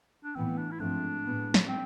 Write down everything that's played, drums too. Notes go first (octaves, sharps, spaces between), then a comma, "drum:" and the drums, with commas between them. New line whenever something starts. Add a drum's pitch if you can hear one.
D4
A2 E3 B3 C4
D4
E4
G#2 F3 A3 C4 D4
A2 G#3 B3
drum: snare
C4